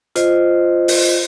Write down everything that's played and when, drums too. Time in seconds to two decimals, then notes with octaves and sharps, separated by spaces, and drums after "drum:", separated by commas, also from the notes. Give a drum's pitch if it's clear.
0.16 F4 C5 D#5, drum: hi-hat
0.88 drum: open hi-hat